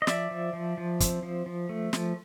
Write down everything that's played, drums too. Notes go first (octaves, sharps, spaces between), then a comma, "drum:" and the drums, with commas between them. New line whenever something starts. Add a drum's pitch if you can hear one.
D#5
F3 D5 E5, drum: snare
F3
F3
F3
C4, drum: kick, hi-hat
F3
F3
A3
F3, drum: snare